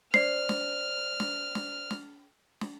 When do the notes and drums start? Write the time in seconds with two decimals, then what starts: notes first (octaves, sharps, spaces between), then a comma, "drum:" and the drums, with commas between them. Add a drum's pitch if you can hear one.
0.14 C5 D5 F6 C7, drum: snare
0.49 drum: snare
1.20 drum: snare
1.55 drum: snare
1.91 drum: snare
2.61 drum: snare